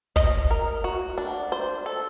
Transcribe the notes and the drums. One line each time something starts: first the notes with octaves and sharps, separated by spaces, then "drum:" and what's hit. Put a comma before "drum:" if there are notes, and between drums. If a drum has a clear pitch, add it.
D#5, drum: kick
A#4
F#4
D4
C5
A4